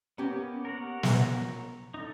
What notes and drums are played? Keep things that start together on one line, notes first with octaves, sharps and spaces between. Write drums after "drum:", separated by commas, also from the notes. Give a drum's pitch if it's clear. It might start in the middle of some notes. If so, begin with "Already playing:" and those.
A#3 B3 C#4 G4
A#4 C#5 F#5
drum: snare
D#4 A4